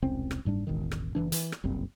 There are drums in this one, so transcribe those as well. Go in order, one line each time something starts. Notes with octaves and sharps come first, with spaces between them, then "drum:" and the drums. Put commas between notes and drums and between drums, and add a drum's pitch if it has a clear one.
E1 C2 C4 C#4
drum: rim click
F#1 G#2 G3 D4
E1 A1 D#3
drum: rim click
F#1 C#2 E3 D4
E3, drum: hi-hat
drum: rim click
F#1 C2 G2 C4